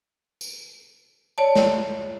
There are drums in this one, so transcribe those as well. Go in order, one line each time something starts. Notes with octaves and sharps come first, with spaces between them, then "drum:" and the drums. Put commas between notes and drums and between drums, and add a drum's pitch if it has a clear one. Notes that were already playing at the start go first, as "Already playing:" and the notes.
drum: tambourine
C#5 D5 A5
drum: snare